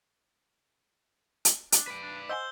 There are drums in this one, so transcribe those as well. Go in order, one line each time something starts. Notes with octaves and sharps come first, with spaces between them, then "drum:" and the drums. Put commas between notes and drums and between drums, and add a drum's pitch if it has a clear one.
drum: hi-hat
D4, drum: hi-hat
B4 D5
D4
C5 D#5 F#5 G#5 E6 G6 G7